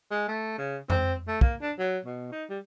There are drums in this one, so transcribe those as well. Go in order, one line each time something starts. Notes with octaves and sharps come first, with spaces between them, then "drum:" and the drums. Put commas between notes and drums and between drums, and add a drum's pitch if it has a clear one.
G#3
A3
C#3
C4, drum: tom F2
A3
A#3, drum: kick
D4
F#3
B2
D#4
G3